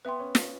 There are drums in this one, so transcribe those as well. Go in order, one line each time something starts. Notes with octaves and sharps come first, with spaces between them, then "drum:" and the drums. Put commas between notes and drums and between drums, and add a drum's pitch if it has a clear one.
B3 B4 E5 G5 C6
C#4
C#4, drum: snare